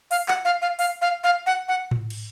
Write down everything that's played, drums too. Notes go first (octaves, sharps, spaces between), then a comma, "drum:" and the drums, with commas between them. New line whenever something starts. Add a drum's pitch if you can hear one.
F5, drum: open hi-hat
F#5, drum: clap
F5
F5
F5, drum: open hi-hat
F5
F5
F#5
F#5
drum: tom A2
drum: cymbal